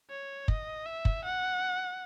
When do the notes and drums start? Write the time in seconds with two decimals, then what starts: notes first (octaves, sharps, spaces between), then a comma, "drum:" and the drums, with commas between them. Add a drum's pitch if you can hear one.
0.10 C#5
0.48 D#5, drum: kick
0.86 E5
1.05 drum: kick
1.24 F#5